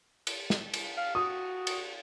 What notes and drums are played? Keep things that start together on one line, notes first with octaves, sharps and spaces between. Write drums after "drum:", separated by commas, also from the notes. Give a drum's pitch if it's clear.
drum: cymbal
drum: snare
drum: cymbal
F5
F#4 D#6
drum: cymbal